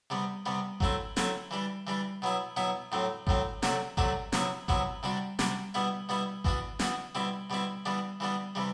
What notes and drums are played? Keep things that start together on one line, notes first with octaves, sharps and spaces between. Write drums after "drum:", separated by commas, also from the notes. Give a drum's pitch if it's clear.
C3 G3 B3
C3 G3 B3
F#3 A3 C4 E4, drum: kick G#1
F#3 A3 C4 E4, drum: snare
E3 G3 D4
E3 G3 D4
B2 F#3 B3 E4
B2 F#3 B3 E4
A2 F#3 C4
A2 F#3 C4, drum: kick G#1
C3 F#3 A3 D4 F#4, drum: snare
C3 F#3 A3 D4 F#4, drum: kick G#1
C3 F#3 B3 E4, drum: snare
C3 F#3 B3 E4, drum: kick G#1
C3 G3 D4 F#4
C3 G3 D4 F#4, drum: snare
B2 G3 B3 E4
B2 G3 B3 E4
E3 B3 D4 F#4, drum: kick G#1
E3 B3 D4 F#4, drum: snare
B2 G3 C4 E4
B2 G3 C4 E4
E3 G3 B3 D4
E3 G3 B3 D4
C3 E3 G3